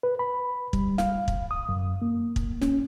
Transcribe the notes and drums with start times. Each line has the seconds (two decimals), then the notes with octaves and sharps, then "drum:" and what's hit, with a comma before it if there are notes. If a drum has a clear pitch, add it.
0.03 B4
0.19 B5
0.73 G3, drum: kick
0.98 F5, drum: snare
1.28 drum: kick
1.51 D#6
1.69 F#2
2.02 A#3
2.36 drum: kick
2.61 C#4, drum: snare